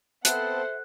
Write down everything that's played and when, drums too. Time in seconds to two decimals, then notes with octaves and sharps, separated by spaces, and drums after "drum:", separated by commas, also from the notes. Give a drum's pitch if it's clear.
0.25 B3 C4 A4 C5 E5 F#5 A5 F#6, drum: hi-hat